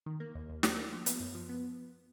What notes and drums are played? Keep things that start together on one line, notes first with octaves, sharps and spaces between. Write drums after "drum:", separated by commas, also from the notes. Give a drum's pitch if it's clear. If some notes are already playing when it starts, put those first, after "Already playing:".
D#3
A#3
D#2
D#2
D4, drum: snare
A#3
F3
B3, drum: hi-hat
F#2
F3
B3